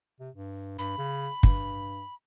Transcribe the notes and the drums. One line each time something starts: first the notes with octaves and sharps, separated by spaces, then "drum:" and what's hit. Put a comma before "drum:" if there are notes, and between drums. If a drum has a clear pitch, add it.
C3
G2
G2 B5
C#3
G2, drum: kick